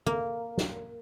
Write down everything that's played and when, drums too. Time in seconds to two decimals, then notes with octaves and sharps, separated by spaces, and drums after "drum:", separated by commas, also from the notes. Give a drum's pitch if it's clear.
0.06 A#3, drum: tom D#3
0.58 drum: snare